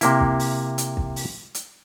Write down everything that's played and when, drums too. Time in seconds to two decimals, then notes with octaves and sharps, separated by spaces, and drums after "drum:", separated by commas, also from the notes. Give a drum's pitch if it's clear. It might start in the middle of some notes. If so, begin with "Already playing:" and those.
0.01 C3 A#3 E4, drum: hi-hat
0.20 drum: kick
0.39 drum: open hi-hat
0.78 drum: hi-hat
0.97 drum: kick
1.16 drum: open hi-hat
1.55 drum: hi-hat